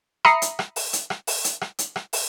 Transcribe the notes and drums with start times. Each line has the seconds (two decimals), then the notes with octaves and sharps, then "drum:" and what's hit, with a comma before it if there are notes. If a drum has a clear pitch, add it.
0.25 E5 A#5 B5 D#6 C7 C#7, drum: rim click
0.42 drum: hi-hat
0.59 drum: rim click
0.76 drum: open hi-hat
0.93 drum: hi-hat
1.10 drum: rim click
1.27 drum: open hi-hat
1.44 drum: hi-hat
1.61 drum: rim click
1.79 drum: hi-hat
1.96 drum: rim click
2.13 drum: open hi-hat